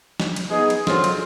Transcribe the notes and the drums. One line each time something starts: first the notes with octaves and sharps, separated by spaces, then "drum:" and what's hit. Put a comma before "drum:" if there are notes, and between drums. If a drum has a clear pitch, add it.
drum: snare
drum: cymbal
B3 D#4 G#4
drum: cymbal
D3 F#3 C4 F4, drum: snare
drum: cymbal